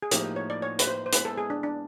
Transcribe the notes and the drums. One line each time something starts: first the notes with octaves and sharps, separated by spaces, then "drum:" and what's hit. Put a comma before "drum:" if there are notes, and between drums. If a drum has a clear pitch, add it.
G#4
A2 F3 A#3 D#4 G4, drum: hi-hat
C#5
D5
C#5
B4, drum: hi-hat
C5
C5
G#3 B3 E4 B4, drum: hi-hat
A4
G#4
D4
D4